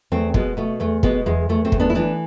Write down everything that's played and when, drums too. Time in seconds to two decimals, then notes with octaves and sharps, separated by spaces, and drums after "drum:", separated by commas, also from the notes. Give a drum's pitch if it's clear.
0.12 E2 A3 C4
0.34 B2 G#3 B3, drum: kick
0.57 B2 A3
0.80 E2 A3
1.03 B2 G#3 B3, drum: kick
1.26 E2 G#3
1.49 E2 A3
1.65 A3 C4
1.72 E2, drum: kick
1.80 B3 D4
1.90 E4
1.95 E3 B3 D4